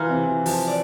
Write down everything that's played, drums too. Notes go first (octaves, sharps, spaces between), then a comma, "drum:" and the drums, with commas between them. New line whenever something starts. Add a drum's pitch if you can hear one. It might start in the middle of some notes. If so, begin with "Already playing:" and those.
Already playing: E3 A#3 F4
C3
E3
F3, drum: open hi-hat
D5